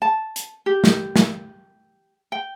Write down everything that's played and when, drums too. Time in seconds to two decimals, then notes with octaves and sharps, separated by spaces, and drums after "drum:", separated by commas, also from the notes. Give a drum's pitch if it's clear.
0.02 A5
0.36 drum: hi-hat
0.66 G4
0.84 drum: snare
1.16 drum: snare
2.32 G5